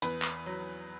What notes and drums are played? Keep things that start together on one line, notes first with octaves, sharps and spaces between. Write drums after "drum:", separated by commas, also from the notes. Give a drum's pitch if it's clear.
E2 B4, drum: hi-hat
drum: clap
F#3